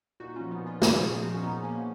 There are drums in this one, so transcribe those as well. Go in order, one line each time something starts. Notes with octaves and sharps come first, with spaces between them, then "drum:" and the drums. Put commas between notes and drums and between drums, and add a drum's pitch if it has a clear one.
A#2 D#4 F#4
F3 C#4 F4
B3 D#4
A#2
C#4 F4
F3 D#4 F#4, drum: snare
A#2 F4 G#4
F3 D#4 F#4
C#4
A#2 B3 D#4
F3 A#3 C#4